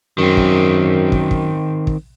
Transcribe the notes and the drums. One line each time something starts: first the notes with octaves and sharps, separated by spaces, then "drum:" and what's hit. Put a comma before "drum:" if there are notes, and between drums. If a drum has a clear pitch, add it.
F#2 D#3 C4
drum: kick
drum: kick
drum: kick
drum: kick